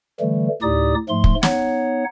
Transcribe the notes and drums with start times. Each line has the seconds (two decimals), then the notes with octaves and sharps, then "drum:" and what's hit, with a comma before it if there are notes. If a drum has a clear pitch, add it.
0.20 D3 E3 G3 A3
0.62 D2 A2 D#4 G4 D5 D#6
1.09 G#2 F3 A3 C6
1.24 drum: kick
1.43 B3 D#4 C#5 F#5, drum: snare